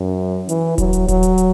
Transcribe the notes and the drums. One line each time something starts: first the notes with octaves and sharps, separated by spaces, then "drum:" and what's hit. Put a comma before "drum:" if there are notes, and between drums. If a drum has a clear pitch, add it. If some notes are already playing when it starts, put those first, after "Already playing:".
Already playing: F#2
E3, drum: hi-hat
F#3, drum: kick D#1, hi-hat
drum: hi-hat
F#3, drum: kick D#1, hi-hat
drum: hi-hat
drum: hi-hat